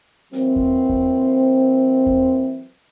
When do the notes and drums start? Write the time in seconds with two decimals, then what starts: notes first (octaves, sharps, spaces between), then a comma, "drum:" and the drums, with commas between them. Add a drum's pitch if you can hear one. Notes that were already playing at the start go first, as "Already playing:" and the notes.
0.33 E3 F#3 A#3 C4, drum: hi-hat
0.56 drum: kick D#2
0.89 drum: kick D#2
2.06 drum: kick D#2